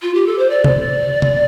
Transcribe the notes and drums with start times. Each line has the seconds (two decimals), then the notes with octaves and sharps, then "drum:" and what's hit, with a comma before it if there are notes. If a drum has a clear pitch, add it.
0.02 F4
0.14 G4
0.26 A4
0.38 C5
0.50 D5
0.64 drum: tom
1.22 drum: tom